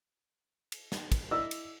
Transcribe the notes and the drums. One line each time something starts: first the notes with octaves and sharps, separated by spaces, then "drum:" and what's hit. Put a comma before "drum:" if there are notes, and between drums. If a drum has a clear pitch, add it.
drum: cymbal
drum: snare
drum: kick, cymbal
E4 D5 D#5 E6
drum: cymbal